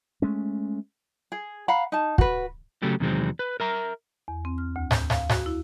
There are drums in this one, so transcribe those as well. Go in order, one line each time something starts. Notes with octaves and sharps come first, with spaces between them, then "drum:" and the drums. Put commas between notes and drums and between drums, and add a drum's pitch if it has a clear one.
G#3 A3 C#4
G#4
F5 F#5 A#5 B5
D#4 A5
F#4 B4, drum: kick
C#3 F#3 A3 G4
E2 C3 D#3 F#3 G#3 C4
B4
A#4 E5 A#5
E2
C4
F6
D2
G6, drum: snare
F5, drum: snare
F#4, drum: snare
E4